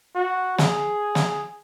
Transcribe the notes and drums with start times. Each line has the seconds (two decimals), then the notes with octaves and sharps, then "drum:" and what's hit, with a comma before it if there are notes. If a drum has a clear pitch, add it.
0.15 F#4
0.58 G#4, drum: snare
1.15 drum: snare